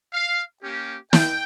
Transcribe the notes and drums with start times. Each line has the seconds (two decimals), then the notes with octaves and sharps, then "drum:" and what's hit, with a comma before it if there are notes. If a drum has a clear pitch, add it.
0.13 F5
0.62 A#3 C#4 G4
1.13 G5, drum: snare